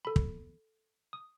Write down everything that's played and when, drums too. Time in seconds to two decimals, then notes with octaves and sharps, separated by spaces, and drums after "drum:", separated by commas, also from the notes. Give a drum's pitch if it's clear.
0.05 A4 B5
0.16 drum: kick
1.13 D#6